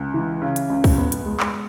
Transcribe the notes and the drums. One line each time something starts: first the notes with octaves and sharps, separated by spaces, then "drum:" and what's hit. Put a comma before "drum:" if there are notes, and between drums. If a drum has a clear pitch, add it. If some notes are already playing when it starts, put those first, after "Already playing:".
Already playing: C#2
E3
C#3
drum: hi-hat
C#2
drum: kick, open hi-hat
B3
drum: hi-hat
G#3
drum: clap